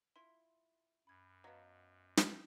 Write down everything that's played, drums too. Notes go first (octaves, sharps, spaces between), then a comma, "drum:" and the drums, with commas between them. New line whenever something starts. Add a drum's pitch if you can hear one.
E4 F4 C6
F#2 B5 G#6
F#3 B3 D#5 F5 A5
drum: snare